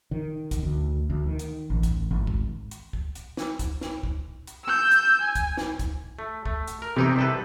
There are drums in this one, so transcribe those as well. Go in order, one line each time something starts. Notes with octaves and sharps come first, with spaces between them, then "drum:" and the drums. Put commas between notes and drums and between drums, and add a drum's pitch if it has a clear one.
D#3
drum: kick, hi-hat
D2
D2
D#3
drum: hi-hat
A1
drum: kick, hi-hat
G#1
drum: kick
drum: hi-hat
drum: kick
drum: hi-hat
drum: snare
drum: kick, hi-hat
drum: snare
drum: kick
drum: hi-hat
E6 G6
drum: hi-hat
G#5
drum: kick, hi-hat
drum: snare
drum: kick, hi-hat
A3
A3, drum: kick
drum: hi-hat
A#4
C3 E3 D#4 G5
C2 A4 B4